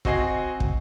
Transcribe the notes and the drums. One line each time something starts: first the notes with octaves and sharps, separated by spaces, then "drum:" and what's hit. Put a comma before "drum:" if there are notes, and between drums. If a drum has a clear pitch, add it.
C4 F#4 D#5 G#5 C7, drum: kick
drum: kick